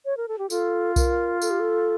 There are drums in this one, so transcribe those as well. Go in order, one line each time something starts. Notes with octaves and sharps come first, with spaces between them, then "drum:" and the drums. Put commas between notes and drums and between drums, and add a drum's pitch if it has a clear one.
C#5
A#4
A4
G4
F4 A4, drum: tambourine
A#4, drum: kick B1, tambourine
A4, drum: tambourine
G4
A4